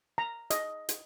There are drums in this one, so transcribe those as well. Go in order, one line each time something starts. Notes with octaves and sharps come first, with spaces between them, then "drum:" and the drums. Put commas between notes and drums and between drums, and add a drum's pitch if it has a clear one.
A#5
D#5, drum: hi-hat
drum: hi-hat